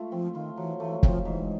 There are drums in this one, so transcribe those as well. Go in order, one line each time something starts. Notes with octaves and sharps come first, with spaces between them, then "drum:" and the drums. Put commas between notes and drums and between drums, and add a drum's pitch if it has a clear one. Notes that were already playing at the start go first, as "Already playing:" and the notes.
Already playing: A3 F4
F3 C4
D#3 F4
E3 F#3
E3 A3
F3 C4, drum: kick
G#2 E3